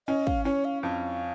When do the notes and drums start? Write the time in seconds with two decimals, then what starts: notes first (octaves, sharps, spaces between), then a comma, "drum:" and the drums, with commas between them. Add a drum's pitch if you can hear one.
0.08 C#4 D#5
0.27 F5, drum: kick
0.45 C#4 C#5
0.65 F5
0.83 F2 F5